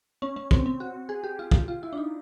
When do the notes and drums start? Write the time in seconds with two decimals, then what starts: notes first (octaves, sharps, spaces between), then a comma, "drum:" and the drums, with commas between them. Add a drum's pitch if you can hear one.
0.22 C#4
0.36 C#4
0.51 C4, drum: kick
0.66 C4
0.80 F#4
1.09 G#4
1.24 G4
1.39 F4
1.51 drum: kick
1.68 F4
1.83 E4
1.93 D4
1.98 D#4